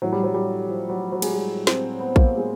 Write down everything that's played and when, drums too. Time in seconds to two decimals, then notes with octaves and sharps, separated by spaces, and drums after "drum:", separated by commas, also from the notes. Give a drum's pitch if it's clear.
0.02 A2 E3 F#3
0.13 G3
0.24 F#3
0.34 G3
0.68 F3
0.89 F#3
1.12 F#3
1.22 G#3, drum: cymbal
1.33 G3
1.67 C4, drum: snare
2.00 B3
2.16 A#3, drum: kick A#1
2.38 G#3